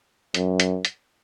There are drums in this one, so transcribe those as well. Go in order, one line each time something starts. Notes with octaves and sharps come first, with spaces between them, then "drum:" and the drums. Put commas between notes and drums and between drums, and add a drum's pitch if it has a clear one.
F#2, drum: hi-hat
drum: hi-hat
drum: hi-hat